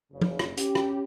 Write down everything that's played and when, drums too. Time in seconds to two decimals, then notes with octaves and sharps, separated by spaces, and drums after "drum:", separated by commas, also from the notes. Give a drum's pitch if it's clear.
0.12 F#1 C#3
0.21 drum: tom F3
0.39 drum: rim click
0.57 C#4 G4, drum: hi-hat
0.75 drum: rim click